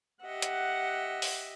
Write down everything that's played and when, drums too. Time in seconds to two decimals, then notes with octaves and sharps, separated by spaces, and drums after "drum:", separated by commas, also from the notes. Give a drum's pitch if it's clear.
0.24 G4 D#5 E5 F#5
0.42 drum: hi-hat
1.22 drum: open hi-hat